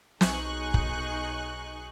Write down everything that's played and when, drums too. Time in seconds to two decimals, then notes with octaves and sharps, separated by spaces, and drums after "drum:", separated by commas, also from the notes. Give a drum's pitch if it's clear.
0.21 B1 D#4 G#4 C#6 F#6, drum: snare
0.74 drum: kick